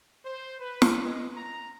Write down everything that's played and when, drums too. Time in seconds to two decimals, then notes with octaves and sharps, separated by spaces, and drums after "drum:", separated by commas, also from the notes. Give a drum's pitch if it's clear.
0.25 C5
0.60 B4
0.82 drum: snare
1.05 G#3
1.36 A#5